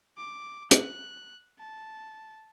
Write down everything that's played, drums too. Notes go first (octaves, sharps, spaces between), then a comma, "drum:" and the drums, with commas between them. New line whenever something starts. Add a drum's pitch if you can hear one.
D6
F#6, drum: hi-hat
A5